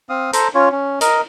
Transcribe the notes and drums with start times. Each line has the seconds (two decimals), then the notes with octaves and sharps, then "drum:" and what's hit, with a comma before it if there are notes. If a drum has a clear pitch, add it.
0.09 C4 F5 D#6
0.33 A4 C5 A#5, drum: hi-hat
0.55 C#4 F4 C#5
0.72 C#4
1.01 A#4 D#5, drum: hi-hat